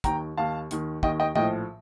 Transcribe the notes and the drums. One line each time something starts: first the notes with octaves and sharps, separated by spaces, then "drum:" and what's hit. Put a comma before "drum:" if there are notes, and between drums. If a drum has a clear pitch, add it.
D#2 D#3 G5 A#5, drum: kick, hi-hat
D#2 D#3 F5 A5
D#2 D#3, drum: hi-hat
D#2 D#3 D#5 G5, drum: kick
D#5 G5
A#1 A2 F3 D#5 G5, drum: tom